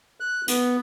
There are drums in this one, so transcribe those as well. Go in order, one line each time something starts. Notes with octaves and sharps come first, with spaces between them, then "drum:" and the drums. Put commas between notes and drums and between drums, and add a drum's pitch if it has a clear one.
F#6
B3, drum: hi-hat